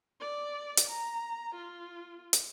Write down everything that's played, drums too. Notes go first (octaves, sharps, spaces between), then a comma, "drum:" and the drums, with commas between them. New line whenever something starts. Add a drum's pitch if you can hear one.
D5
drum: hi-hat
A#5
F4
drum: hi-hat